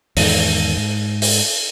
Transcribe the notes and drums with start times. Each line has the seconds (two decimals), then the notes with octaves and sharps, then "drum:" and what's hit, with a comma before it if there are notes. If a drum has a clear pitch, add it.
0.17 E2 G#2 D#3, drum: open hi-hat
0.77 G#2
1.22 drum: open hi-hat